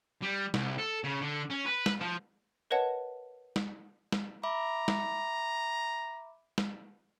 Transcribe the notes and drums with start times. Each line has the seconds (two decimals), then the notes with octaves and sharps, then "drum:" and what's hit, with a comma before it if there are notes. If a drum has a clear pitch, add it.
0.22 G3
0.54 C2, drum: snare
0.78 A4
1.03 C#3
1.21 D3
1.50 C#4
1.66 B4
1.86 drum: snare
2.01 F3
2.71 A#4 B4 C#5 D#5 F#5 A5
3.56 drum: snare
4.12 drum: snare
4.43 E5 A#5 B5 D6
4.88 drum: snare
6.58 drum: snare